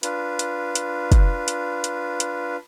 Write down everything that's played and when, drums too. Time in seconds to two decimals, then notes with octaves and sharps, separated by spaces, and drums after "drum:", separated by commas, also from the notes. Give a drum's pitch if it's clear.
0.03 D4 F4 B4, drum: hi-hat
0.39 drum: hi-hat
0.75 drum: hi-hat
1.12 drum: kick, hi-hat
1.48 drum: hi-hat
1.84 drum: hi-hat
2.20 drum: hi-hat